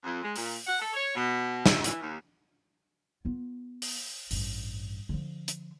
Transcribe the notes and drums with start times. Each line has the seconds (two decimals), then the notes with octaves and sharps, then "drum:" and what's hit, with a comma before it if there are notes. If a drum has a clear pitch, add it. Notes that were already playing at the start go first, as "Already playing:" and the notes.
0.04 F2
0.22 G#3
0.36 A#2, drum: open hi-hat
0.66 F#5
0.80 A4
0.94 C#5
1.15 B2
1.66 E4, drum: snare
1.84 E3, drum: hi-hat
2.00 D#2
3.25 B3 F4
3.82 drum: open hi-hat
4.31 A1 G2, drum: open hi-hat
5.09 D3 F3
5.48 drum: hi-hat